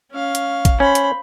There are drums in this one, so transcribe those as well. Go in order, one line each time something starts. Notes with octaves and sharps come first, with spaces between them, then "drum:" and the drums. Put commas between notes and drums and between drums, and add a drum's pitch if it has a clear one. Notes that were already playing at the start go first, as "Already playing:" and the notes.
C#4 F5
drum: hi-hat
drum: kick, hi-hat
C#4 C5 B5
drum: hi-hat